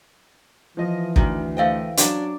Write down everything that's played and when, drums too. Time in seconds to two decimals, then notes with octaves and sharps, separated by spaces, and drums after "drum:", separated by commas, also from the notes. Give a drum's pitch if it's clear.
0.77 E3 F3 D#5
1.16 D2 D#3, drum: kick
1.57 A3 C5 D#5 F5 G5
1.97 F#3 C#4 D4, drum: hi-hat